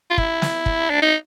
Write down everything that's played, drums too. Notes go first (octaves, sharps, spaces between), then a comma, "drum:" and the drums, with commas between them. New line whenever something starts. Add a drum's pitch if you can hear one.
F4
E4, drum: kick
drum: snare
drum: kick
D4
D#4